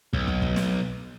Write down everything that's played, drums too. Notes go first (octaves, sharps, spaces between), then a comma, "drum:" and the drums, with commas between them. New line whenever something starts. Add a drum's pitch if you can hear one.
B1, drum: kick
drum: kick
drum: kick
drum: snare